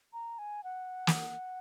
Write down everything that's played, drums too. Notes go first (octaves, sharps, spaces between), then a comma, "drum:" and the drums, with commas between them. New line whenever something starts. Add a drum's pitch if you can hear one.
A#5
G#5
F#5
drum: snare